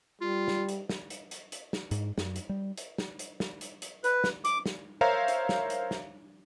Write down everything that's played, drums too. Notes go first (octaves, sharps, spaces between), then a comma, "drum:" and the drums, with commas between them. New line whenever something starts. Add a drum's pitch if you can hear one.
G3 F4
drum: snare
drum: hi-hat
drum: snare
drum: hi-hat
drum: hi-hat
drum: hi-hat
drum: snare
G#2, drum: hi-hat
F#2, drum: snare
drum: hi-hat
G3
drum: hi-hat
drum: snare
drum: hi-hat
drum: snare
drum: hi-hat
drum: hi-hat
B4, drum: hi-hat
drum: snare
D6, drum: hi-hat
drum: snare
A#4 C5 C#5 E5 F5 A#5
drum: hi-hat
drum: snare
drum: hi-hat
drum: snare